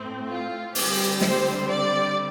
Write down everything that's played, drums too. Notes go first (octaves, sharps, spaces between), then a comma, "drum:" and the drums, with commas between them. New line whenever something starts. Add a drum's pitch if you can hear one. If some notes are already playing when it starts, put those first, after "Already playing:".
Already playing: A2 A3 C4
F4
D3 G3 C4 G4, drum: open hi-hat
C5, drum: snare
D5